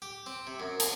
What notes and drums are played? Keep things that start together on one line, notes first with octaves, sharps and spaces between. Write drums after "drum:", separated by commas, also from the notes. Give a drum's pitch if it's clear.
G4
C4
C3
F#2
G#4, drum: hi-hat